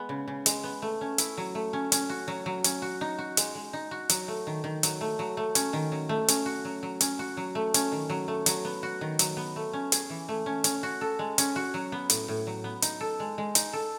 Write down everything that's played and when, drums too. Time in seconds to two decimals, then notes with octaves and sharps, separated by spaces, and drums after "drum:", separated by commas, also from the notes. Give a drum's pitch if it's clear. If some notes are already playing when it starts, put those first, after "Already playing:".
Already playing: G#3 B3
0.09 C#3
0.28 C#3
0.46 G#3, drum: hi-hat
0.64 B3
0.82 A3
1.01 C#4
1.18 E4, drum: hi-hat
1.37 F#3
1.55 A3
1.73 C#4
1.92 C#4, drum: hi-hat
2.10 F#4
2.28 F#3
2.46 F#3
2.64 C#4, drum: hi-hat
2.82 F#4
3.01 D#4
3.19 F#4
3.37 G#3, drum: hi-hat
3.55 G#3
3.73 D#4
3.91 F#4
4.09 F#3, drum: hi-hat
4.28 A3
4.47 D#3
4.64 D#3
4.83 F#3, drum: hi-hat
5.01 A3
5.19 F#3
5.37 A3
5.55 C#4, drum: hi-hat
5.73 D#3
5.92 F#3
6.09 A3
6.28 C#4, drum: hi-hat
6.46 F#4
6.65 F#3
6.83 F#3
7.01 C#4, drum: hi-hat
7.19 F#4
7.37 F#3
7.55 A3
7.74 C#4, drum: hi-hat
7.92 D#3
8.10 F#3
8.28 A3
8.46 F#3, drum: hi-hat
8.65 B3
8.83 F#4
9.01 D#3
9.19 F#3, drum: hi-hat
9.37 B3
9.56 A3
9.73 C#4
9.92 G#4, drum: hi-hat
10.10 E3
10.29 A3
10.46 C#4
10.64 C#4, drum: hi-hat
10.83 F#4
11.01 A4
11.19 G#3
11.38 C#4, drum: hi-hat
11.56 F#4
11.74 F#3
11.92 B3
12.10 A2, drum: hi-hat
12.28 A2
12.47 F#3
12.64 B3
12.82 D#4, drum: hi-hat
13.00 A4
13.20 G#3
13.38 G#3
13.55 D#4, drum: hi-hat
13.73 A4